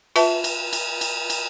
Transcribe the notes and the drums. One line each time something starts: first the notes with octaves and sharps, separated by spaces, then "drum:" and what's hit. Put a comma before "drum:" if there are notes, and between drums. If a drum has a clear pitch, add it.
F4 B4 E5 A5, drum: cymbal
drum: cymbal
drum: cymbal
drum: cymbal
drum: cymbal